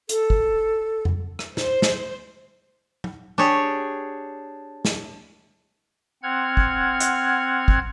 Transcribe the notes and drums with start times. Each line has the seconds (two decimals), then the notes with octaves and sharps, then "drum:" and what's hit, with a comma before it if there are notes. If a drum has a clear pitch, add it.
0.09 A4, drum: hi-hat
0.30 drum: kick
1.05 drum: tom F2
1.39 drum: rim click
1.57 C5, drum: snare
1.82 drum: snare
3.04 drum: tom
3.38 D4 G4 G#4 C#5
4.85 drum: snare
6.23 C4 F#5 F6 G#6
6.57 drum: kick
7.00 drum: hi-hat
7.68 drum: kick